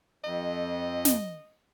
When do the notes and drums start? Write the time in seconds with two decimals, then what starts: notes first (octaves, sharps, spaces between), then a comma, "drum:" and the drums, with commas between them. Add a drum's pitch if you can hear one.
0.24 F2 D#5
1.05 drum: snare